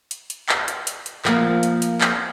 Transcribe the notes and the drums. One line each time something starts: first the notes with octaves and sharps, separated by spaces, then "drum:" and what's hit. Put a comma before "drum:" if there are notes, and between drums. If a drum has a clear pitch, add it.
drum: hi-hat
drum: hi-hat
drum: clap
drum: hi-hat
drum: hi-hat
drum: hi-hat
F3 A#3, drum: clap
drum: hi-hat
drum: hi-hat
drum: clap